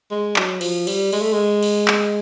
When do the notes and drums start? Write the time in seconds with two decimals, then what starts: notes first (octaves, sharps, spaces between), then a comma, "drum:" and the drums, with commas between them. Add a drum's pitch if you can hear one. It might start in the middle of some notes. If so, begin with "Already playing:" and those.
0.11 G#3
0.36 F#3, drum: clap
0.61 F3, drum: cymbal
0.87 G3, drum: cymbal
1.13 G#3, drum: cymbal
1.22 A3
1.33 G#3
1.63 drum: cymbal
1.88 drum: clap